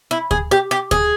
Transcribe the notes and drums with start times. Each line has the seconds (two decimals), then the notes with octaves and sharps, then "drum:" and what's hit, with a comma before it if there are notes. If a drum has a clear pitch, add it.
0.11 E4
0.31 G#4, drum: kick D2
0.51 G4
0.71 G4
0.91 G#4, drum: kick D2